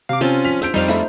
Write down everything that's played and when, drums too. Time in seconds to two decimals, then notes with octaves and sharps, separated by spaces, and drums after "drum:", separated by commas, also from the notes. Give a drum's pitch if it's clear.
0.09 C3 F5 D6
0.21 C4 C#4 F4 A5
0.45 F3 B6 F7
0.62 E6 G6 D7, drum: hi-hat
0.74 F2 G3 D#4 C5 F5
0.88 A3 E5 B5, drum: hi-hat